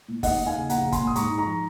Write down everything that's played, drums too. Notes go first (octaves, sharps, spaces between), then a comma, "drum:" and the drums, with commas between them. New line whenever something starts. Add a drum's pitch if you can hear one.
A#2
D#2 D#5 F#5, drum: kick F#1, open hi-hat
D#2
F5 G#5
C#3
A#1 F#5 A#5, drum: hi-hat
A#1
G#5 C6, drum: kick F#1, hi-hat
A#2
D#6
G#2 A#5 C#6, drum: hi-hat
D#4
A#5 C#6
F3